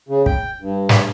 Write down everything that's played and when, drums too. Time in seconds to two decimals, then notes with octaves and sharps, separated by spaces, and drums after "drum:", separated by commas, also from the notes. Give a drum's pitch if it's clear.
0.09 C#3
0.26 G5, drum: kick
0.61 G2
0.89 drum: snare